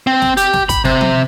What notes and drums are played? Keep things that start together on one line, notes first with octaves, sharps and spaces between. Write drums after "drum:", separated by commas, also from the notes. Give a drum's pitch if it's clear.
C4
drum: snare
G4, drum: hi-hat
drum: snare
B5, drum: kick, hi-hat
C3, drum: snare
drum: tom F3